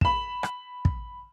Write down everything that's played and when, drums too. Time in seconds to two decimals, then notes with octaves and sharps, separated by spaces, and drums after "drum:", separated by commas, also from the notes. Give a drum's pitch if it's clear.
0.01 B5 E7, drum: kick
0.43 drum: rim click
0.85 drum: kick